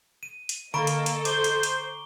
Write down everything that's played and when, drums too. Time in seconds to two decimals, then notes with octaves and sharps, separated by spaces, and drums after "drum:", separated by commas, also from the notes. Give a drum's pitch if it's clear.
0.23 D#7
0.49 drum: hi-hat
0.74 D3 A#3 A4 D#5 A#5 B5 C#6 D7
0.87 drum: hi-hat
1.06 drum: hi-hat
1.25 C5 D6 G7, drum: hi-hat
1.44 drum: hi-hat
1.63 drum: hi-hat